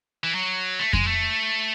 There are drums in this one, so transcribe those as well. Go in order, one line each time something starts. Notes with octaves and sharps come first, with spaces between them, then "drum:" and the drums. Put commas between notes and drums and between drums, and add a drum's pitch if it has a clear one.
E3
F#3
A3
G#3, drum: kick F2
A3